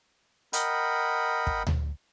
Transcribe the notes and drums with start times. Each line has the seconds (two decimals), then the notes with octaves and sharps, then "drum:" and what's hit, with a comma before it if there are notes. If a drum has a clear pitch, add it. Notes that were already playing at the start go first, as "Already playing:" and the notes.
0.53 A#4 D#5 F#5 G5 B5, drum: hi-hat
1.47 drum: kick
1.67 drum: tom D2